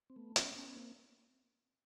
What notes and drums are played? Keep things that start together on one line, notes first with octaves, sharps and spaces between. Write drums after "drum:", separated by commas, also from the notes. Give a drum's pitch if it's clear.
C4
A3 B3
B3 C#4, drum: hi-hat
B3 C#4
A#3 C4